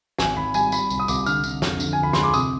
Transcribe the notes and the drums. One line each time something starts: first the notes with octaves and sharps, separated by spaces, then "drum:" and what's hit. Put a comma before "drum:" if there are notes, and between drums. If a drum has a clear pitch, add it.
G#1 G#5, drum: snare
G#1 B5
G3 G#5, drum: tambourine
G3 B5, drum: tambourine
C2, drum: tambourine
D#6
C2 D6, drum: tambourine
D3 F6, drum: tambourine
D3, drum: tambourine
F2, drum: snare
D3, drum: tambourine
D2 G#5
B5
G#3 C6, drum: snare
D6
C3 D#6, drum: tambourine